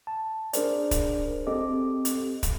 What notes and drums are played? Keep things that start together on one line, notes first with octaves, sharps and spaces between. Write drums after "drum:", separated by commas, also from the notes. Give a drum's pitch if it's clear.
A5
D4 G#4 A#4 C5 D5, drum: hi-hat
drum: kick, hi-hat
C4 G4 A4 D#5 D6
drum: hi-hat
drum: kick, hi-hat